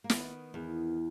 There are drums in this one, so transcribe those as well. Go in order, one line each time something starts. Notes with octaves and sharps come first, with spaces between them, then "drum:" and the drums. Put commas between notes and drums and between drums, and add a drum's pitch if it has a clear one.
A#3
D#3 B3, drum: snare
E2